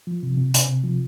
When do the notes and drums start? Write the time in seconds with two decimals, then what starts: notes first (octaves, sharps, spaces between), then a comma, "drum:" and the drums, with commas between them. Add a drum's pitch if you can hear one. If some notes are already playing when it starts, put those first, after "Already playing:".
0.07 F3
0.23 C3
0.38 C3
0.54 C3, drum: hi-hat
0.69 C3
0.84 F3